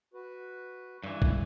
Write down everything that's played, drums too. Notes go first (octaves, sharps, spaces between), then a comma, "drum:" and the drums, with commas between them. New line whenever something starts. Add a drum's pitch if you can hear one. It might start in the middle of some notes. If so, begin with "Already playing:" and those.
F#4 B4
G2 E3
drum: kick A#1